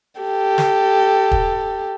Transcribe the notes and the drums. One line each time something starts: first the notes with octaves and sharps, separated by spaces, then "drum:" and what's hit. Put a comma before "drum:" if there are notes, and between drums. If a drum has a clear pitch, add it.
G4 A4
drum: snare
drum: kick